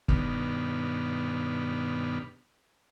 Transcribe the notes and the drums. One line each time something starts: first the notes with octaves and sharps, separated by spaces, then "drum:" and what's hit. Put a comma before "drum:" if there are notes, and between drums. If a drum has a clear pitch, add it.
G2 B2 D#3 B3 D4 F6, drum: kick